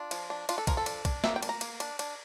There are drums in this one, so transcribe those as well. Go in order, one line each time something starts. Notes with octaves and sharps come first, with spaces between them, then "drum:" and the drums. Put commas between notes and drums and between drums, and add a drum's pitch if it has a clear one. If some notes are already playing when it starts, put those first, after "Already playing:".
Already playing: D4 F4
F3, drum: cymbal
D4
D4 F4, drum: cymbal
A4
F3 A#4, drum: kick, cymbal
A4
D4, drum: cymbal
D4, drum: kick, cymbal
A#3 E5, drum: snare
G5
D4, drum: cymbal
A#5
A#3, drum: cymbal
D4, drum: cymbal
D4, drum: cymbal